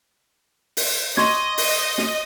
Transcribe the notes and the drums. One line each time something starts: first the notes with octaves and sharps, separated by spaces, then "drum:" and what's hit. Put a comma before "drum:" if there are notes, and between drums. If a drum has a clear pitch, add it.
drum: open hi-hat
D#5 C6 C#6 G#6, drum: snare
drum: open hi-hat
drum: snare